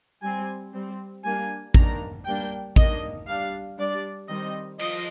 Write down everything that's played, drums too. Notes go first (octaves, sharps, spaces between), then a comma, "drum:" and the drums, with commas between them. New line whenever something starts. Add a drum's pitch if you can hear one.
G3 C4 G#5
G3 C4
G3 A#3 D4 G#5
D#3 A#3 D4 A#5, drum: kick A1
G3 A#3 D4 G5
D#3 A#3 D4 D#5, drum: kick A1
G3 D4 F5
G3 D4 D5
D#3 G3 C4 D#5
F3 D#5, drum: cymbal